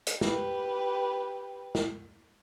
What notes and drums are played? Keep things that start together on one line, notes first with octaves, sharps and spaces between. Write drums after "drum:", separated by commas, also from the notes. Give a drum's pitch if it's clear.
drum: hi-hat
G4 B4, drum: snare
drum: snare